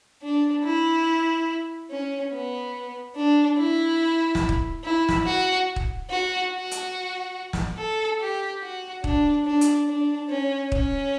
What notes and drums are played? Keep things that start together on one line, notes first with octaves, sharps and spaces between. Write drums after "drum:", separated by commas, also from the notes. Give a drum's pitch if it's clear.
D4
E4
C#4
B3
D4
E4
drum: snare
drum: kick
E4
drum: snare
F#4
drum: kick
F#4
F#4
drum: hi-hat
drum: snare
A4
G4
F#4
D4, drum: kick
D4
drum: hi-hat
D4
C#4
C#4, drum: kick